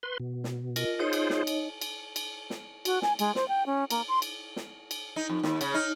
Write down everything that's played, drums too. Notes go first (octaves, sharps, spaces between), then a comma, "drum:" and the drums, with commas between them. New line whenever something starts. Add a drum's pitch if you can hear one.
B4 C6
B2
drum: snare
F4 A#4 D#5, drum: cymbal
D#4 F4 G#4 C5 C#5 D#5
drum: cymbal
drum: snare
drum: cymbal
drum: cymbal
drum: cymbal
drum: snare
F#4, drum: cymbal
G#5, drum: snare
G#3, drum: cymbal
C5, drum: snare
G5
C#4
A#3, drum: cymbal
C6
drum: cymbal
drum: snare
drum: cymbal
D#4
F2
D#2, drum: snare
C#3, drum: cymbal
D#4